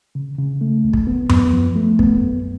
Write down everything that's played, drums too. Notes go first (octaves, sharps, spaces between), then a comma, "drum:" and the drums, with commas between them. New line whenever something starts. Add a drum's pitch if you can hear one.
C#3
C#3
A3
C#2
drum: kick
B3
B3, drum: tom F#2
F3
A3
B3, drum: kick
F#2